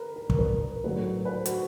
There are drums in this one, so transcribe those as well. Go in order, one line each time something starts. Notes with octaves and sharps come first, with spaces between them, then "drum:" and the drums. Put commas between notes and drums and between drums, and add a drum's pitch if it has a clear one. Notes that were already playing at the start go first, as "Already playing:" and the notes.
Already playing: A#4 B4
A#4
A#4, drum: kick
B4
A2 F#3 A3 B4
B4
C5
F#4, drum: hi-hat